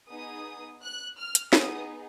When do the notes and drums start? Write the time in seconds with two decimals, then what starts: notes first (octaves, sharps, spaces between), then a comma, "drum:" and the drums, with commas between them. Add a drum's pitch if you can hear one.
0.10 B3 D#4 G#4 D#6
0.82 F#6
1.17 F6
1.35 drum: hi-hat
1.53 B3 D#4 G#4 D#6, drum: snare